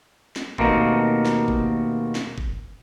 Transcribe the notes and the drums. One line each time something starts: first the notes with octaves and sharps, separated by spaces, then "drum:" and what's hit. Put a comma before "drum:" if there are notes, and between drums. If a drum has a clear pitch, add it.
drum: snare
D#2 B2 A3 A#3 C4, drum: kick
drum: snare
drum: kick
drum: snare
drum: kick